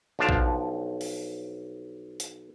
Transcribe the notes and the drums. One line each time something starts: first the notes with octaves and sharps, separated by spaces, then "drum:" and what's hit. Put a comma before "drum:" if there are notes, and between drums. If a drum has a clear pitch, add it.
B1 F3 D4 F5 A5
drum: kick A#1
drum: open hi-hat
drum: hi-hat